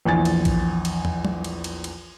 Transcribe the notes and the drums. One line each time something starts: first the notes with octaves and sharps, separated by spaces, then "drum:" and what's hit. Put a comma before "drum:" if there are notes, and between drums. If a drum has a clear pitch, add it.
A#1 E2 G#5 A6
drum: cymbal
drum: kick A#1, cymbal
drum: cymbal
drum: tom
drum: tom F#3
drum: cymbal
drum: cymbal
drum: cymbal